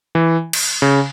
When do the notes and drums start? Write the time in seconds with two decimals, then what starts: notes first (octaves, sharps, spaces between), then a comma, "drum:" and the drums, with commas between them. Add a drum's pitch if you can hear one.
0.15 E3
0.53 drum: cymbal
0.82 C#3